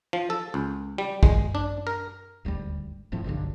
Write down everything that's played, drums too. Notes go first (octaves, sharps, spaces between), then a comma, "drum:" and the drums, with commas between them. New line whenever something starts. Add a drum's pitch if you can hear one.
F3
A4
C#2
G3
G#3, drum: kick
D4
A#4
D#1 G#1 D2 G3
E1 F2 A2 F3
F#1 B1 G2 D3